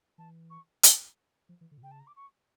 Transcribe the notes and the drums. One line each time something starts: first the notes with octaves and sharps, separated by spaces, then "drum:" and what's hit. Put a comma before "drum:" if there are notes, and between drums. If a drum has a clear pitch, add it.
E3 A5
C#6
A5, drum: hi-hat
F3
E3
D3
A#2
C#3 G5
A5
A#5
D6
C#6